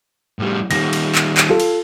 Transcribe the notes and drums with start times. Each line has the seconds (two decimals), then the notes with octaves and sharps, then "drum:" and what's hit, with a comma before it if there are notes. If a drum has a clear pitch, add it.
0.39 A2 G3
0.71 D#3 G3 A#6, drum: cymbal
0.93 drum: cymbal
1.15 drum: clap
1.37 drum: clap
1.49 F4 A4
1.60 drum: cymbal